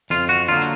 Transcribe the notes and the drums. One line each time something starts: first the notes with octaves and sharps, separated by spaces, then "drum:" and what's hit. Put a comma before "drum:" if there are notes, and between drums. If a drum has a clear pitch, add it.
F2 F4, drum: hi-hat
F#4
D3 F#3 A#3 F4
drum: hi-hat